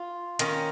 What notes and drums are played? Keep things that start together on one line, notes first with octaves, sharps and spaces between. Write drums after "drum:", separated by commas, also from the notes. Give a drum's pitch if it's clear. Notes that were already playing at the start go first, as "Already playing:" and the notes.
Already playing: F4
D#3 A#3 C#4, drum: hi-hat